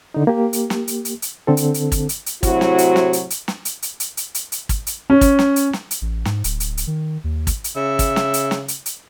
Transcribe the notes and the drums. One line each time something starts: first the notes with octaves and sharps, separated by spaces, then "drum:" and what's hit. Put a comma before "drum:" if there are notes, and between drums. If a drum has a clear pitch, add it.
D3 D#4
A#3 G4
drum: hi-hat
drum: snare
drum: hi-hat
drum: hi-hat
drum: hi-hat
D3 C4 A4
drum: hi-hat
drum: hi-hat
drum: kick, hi-hat
drum: hi-hat
drum: hi-hat
A2 C3 F#3 E4 F#4 C5, drum: kick, hi-hat
drum: snare
drum: hi-hat
drum: snare
drum: hi-hat
drum: hi-hat
drum: snare
drum: hi-hat
drum: hi-hat
drum: hi-hat
drum: hi-hat
drum: hi-hat
drum: hi-hat
drum: kick, hi-hat
drum: hi-hat
C#4
drum: kick, hi-hat
drum: snare
drum: hi-hat
drum: snare
drum: hi-hat
A1
G#2, drum: snare
D1, drum: hi-hat
drum: hi-hat
drum: hi-hat
D#3
D#2
drum: kick, hi-hat
drum: hi-hat
C#3 E5
drum: kick, hi-hat
drum: snare
drum: hi-hat
drum: snare
drum: hi-hat
drum: hi-hat